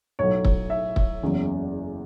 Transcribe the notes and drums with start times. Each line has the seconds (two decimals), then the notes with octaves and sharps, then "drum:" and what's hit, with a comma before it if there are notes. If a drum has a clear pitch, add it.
0.19 B1 A2 F#3 C#5
0.45 drum: kick
0.70 E5
0.96 drum: kick
1.23 F#1 E2 C#3 F#3